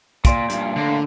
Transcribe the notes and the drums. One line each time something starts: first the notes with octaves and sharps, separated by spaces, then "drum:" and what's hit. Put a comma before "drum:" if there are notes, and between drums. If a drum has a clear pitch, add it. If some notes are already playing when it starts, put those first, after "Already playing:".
A#2 D5 C6 D7, drum: kick, hi-hat
G2 A#2, drum: hi-hat
A2 D3 A#3